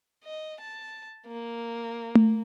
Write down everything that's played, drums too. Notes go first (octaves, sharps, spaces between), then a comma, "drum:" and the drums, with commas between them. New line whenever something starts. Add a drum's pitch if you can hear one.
D#5
A5
A#3
drum: tom A3